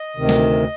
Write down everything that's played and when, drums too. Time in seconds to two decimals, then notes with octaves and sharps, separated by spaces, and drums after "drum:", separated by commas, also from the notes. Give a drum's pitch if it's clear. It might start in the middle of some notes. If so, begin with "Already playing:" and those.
Already playing: D#5
0.17 D2 C3 D#3
0.29 drum: snare